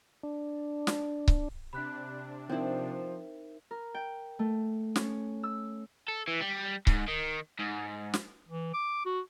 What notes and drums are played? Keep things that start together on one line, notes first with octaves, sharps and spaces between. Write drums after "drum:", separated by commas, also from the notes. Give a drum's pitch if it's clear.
D4
drum: snare
drum: kick C#1
C3 D4 B5 F#6 B6
F3 C4 D#4 E4 A#4 E5
A#4
G5
A3
C#4, drum: snare
E6
A4
E3
G3
G#2, drum: kick C#1
D#3
G#2
drum: snare
E3
D6
F#4